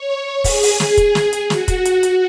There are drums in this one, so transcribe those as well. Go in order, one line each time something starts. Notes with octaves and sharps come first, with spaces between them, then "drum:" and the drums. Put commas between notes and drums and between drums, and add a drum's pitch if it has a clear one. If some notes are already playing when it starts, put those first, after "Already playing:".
Already playing: C#5
G#4, drum: kick, open hi-hat
drum: open hi-hat
drum: snare
drum: kick, hi-hat
drum: snare
drum: hi-hat
F#4, drum: snare
drum: kick, hi-hat
drum: hi-hat
drum: hi-hat